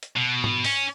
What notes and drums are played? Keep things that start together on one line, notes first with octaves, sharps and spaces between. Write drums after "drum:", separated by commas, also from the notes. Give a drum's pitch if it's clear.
drum: hi-hat
B2
drum: tom G#2
C#4, drum: open hi-hat